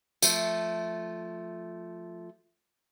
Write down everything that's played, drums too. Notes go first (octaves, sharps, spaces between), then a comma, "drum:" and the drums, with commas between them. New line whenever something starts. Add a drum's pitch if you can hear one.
F3 A3, drum: tambourine